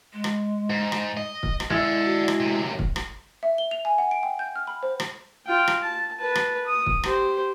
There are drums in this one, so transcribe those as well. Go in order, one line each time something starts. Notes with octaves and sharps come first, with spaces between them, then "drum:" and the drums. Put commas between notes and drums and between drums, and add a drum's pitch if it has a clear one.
G#3
drum: rim click
G#2
drum: rim click
D#5
drum: kick
drum: rim click
G#3 E4 D5 D#5 F#5 E6
F#4
drum: rim click
F#2 C3
drum: kick
drum: rim click
E5
G7
F7
G#5
F#5
D7
G5
G6
F6
B5
C5
drum: rim click
F4 G5
drum: rim click
A5
B4 A5
drum: rim click
D#6
drum: kick
G4 C5, drum: rim click